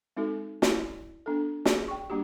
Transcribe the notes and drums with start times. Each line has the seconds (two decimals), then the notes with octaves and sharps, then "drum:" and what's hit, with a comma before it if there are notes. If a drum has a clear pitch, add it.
0.16 G#3 C4 D#4 F#4 A4
0.62 E4 D5, drum: snare
1.26 B3 D4 A4
1.65 G#4 D5, drum: snare
1.88 G5 C#6
2.10 G3 A#3 D4 F#4 G4